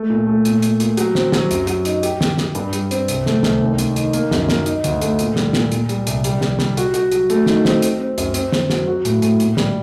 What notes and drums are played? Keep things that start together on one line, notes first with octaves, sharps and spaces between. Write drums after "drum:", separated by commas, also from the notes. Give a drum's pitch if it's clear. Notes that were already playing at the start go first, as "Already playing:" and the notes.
Already playing: A3
A#2
A3
A#2, drum: hi-hat
A#2, drum: hi-hat
A#2, drum: hi-hat
F#3, drum: hi-hat
C4, drum: snare
F#3, drum: snare
F#2, drum: hi-hat
F#3, drum: hi-hat
D#4, drum: hi-hat
G4, drum: hi-hat
G4, drum: snare
G4, drum: snare
G2, drum: hi-hat
G3, drum: hi-hat
C4, drum: hi-hat
C2, drum: hi-hat
A3, drum: snare
C2, drum: snare
D#2
D#2, drum: hi-hat
D#3, drum: hi-hat
A#3, drum: hi-hat
F#2, drum: snare
A#3, drum: snare
D#4, drum: hi-hat
D2, drum: hi-hat
A3, drum: hi-hat
A#2, drum: hi-hat
G3, drum: snare
A#2, drum: snare
A#2, drum: hi-hat
G3, drum: hi-hat
C2, drum: hi-hat
G3, drum: hi-hat
G3, drum: snare
G3, drum: snare
F#4, drum: hi-hat
F#4, drum: hi-hat
F#3, drum: hi-hat
A3, drum: hi-hat
D#3, drum: snare
C4, drum: snare
C4, drum: hi-hat
C4
F#2, drum: hi-hat
C4, drum: hi-hat
C4, drum: snare
F#3, drum: snare
F#4
A2, drum: hi-hat
A2, drum: hi-hat
A#2, drum: hi-hat
G3, drum: snare